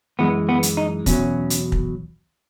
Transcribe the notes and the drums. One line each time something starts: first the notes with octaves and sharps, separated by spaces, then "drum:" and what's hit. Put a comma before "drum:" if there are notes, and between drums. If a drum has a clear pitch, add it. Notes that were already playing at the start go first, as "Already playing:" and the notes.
F#2 E3 G#3 B3
B3
drum: hi-hat
D#4
E2 B2 F#3 C#4, drum: kick, hi-hat
drum: hi-hat
drum: kick